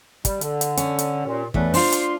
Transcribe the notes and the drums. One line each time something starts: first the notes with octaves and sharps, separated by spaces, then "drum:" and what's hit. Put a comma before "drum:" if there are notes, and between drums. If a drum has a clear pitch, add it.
G3, drum: kick, hi-hat
D3, drum: hi-hat
drum: hi-hat
C#4, drum: hi-hat
drum: hi-hat
D#2 A#2
E2 A3 C#4 D4 B4, drum: kick
D4 F4 C5 C6, drum: open hi-hat
drum: hi-hat